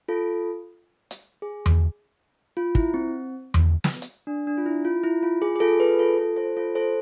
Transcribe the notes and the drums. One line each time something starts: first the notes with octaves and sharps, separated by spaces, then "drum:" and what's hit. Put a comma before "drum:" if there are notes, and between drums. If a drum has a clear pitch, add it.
F4 A4
drum: hi-hat
G#4
drum: tom E2
F4
E4, drum: kick
C4
drum: tom E2
drum: snare
drum: hi-hat
D4
D4
F4
E4
F4
E4
F4
G#4
G#4
F4 A4
G#4 B4
F4 A4
F4 A4
A4 C5
F4 A4
A4 C5